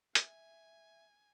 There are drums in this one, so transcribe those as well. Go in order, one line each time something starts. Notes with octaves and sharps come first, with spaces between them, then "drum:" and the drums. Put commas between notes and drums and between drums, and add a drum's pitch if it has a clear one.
E5 G#5, drum: hi-hat